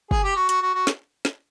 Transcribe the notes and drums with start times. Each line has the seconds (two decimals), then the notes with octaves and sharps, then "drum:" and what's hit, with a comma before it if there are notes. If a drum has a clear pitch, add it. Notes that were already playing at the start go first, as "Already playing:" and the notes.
0.11 G#4, drum: kick
0.24 G4
0.36 F#4
0.49 F#4, drum: hi-hat
0.62 F#4
0.74 F#4
0.87 drum: snare
1.25 drum: snare